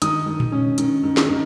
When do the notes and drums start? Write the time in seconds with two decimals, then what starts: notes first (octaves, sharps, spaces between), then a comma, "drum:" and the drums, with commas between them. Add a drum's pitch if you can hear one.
0.02 D#3 D#6, drum: hi-hat
0.27 D#3
0.40 drum: tom A#2
0.52 C#4
0.78 D#3, drum: hi-hat
1.04 D#3
1.17 drum: snare
1.30 D#3